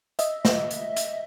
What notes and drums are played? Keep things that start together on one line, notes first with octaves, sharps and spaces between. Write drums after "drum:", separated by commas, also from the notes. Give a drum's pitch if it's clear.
D#5 E5, drum: hi-hat
drum: snare
drum: hi-hat
drum: hi-hat